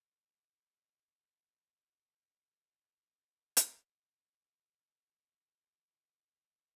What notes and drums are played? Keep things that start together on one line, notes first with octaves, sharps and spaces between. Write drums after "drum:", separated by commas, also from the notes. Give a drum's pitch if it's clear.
A3
A#5
G#5
B3 F6
drum: hi-hat
E4
G#2
G#5
G5